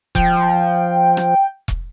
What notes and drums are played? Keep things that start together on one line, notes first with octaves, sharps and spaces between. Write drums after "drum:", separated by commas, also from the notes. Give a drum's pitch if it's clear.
F3 G5, drum: kick E1
drum: rim click
drum: kick E1